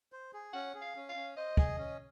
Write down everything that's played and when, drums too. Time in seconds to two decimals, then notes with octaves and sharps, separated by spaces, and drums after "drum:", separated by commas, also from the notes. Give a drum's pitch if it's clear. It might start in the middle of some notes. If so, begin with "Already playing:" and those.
0.12 C5
0.34 G#4
0.53 C#4 F#5
0.74 G#4
0.81 F5
0.96 C#4
1.09 F5
1.16 C#4
1.37 C5 D#5
1.57 G#4, drum: kick
1.78 C#4